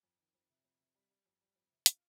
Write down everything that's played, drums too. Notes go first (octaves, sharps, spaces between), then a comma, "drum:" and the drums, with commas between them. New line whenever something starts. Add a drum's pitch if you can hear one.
F2
D#3
F2
C3
F2
C3
G3
G3
F2
G3
F2
C3
F4, drum: hi-hat